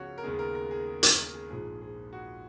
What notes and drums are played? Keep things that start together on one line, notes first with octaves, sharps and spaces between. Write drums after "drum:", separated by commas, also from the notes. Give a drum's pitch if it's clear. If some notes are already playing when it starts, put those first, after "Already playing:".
Already playing: C#2 C#3 F3 G#3 B3 F#4 C#5
A#4
D#2 C#3 G#3 B3 G#4
A#4
A#4
G#4
G#4
G#4, drum: hi-hat
A#4
G#4
A#1 G#2 F3 G#4
G#4
F#4